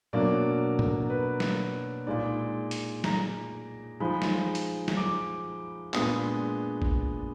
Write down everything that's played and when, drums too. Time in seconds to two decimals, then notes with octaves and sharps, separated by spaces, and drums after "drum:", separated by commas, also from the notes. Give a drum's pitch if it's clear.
0.13 B2 F#3 A#3 D4 D5
0.79 drum: tom G#2
1.10 B4
1.40 drum: snare
2.06 A#2 G#3 D#4 D5
2.71 drum: hi-hat
3.04 A#5, drum: snare
4.00 F3 G#3 D#4 B5
4.22 drum: snare
4.55 drum: hi-hat
4.88 drum: snare
4.97 D6
5.94 A#2 G#3 B3 D4 D#6, drum: clap
6.82 drum: kick